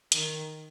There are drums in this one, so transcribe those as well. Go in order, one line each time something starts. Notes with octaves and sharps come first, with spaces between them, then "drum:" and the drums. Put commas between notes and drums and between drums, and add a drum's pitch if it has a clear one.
D#3, drum: hi-hat